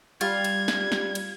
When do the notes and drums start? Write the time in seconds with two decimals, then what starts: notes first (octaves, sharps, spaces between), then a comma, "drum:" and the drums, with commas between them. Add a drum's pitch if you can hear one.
0.21 G3 F4 G#6, drum: cymbal
0.44 drum: cymbal
0.68 drum: snare
0.92 drum: snare
1.15 drum: cymbal